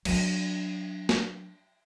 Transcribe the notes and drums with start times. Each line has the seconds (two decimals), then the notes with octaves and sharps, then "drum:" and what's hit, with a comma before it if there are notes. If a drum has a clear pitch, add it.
0.05 F#3 D4, drum: cymbal
1.09 drum: snare